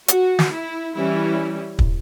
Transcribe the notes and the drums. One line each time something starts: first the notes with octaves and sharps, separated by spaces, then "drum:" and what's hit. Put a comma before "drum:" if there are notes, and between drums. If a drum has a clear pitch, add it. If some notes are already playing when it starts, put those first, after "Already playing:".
F#4, drum: hi-hat
drum: snare
E4
E3 G3 C#4 E4
drum: kick